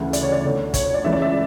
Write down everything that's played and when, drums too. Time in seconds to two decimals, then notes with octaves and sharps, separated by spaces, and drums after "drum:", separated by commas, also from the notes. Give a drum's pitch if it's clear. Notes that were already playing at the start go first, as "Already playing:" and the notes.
Already playing: D2 C#3 E3
0.13 D5, drum: hi-hat
0.23 C#5
0.32 D5
0.43 D2 D3 A3
0.74 C#5, drum: kick, hi-hat
0.84 C#5
0.94 D5
1.04 C#2 C#3 E3 A3 E5
1.13 D5
1.22 E5